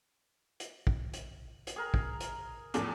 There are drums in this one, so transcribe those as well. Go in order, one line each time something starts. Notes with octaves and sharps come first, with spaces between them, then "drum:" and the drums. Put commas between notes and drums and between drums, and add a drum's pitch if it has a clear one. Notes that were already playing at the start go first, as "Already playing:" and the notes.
drum: hi-hat
drum: kick
drum: hi-hat
drum: hi-hat
G#4 A#4
drum: kick
drum: hi-hat
E2 A2 F3 D5, drum: hi-hat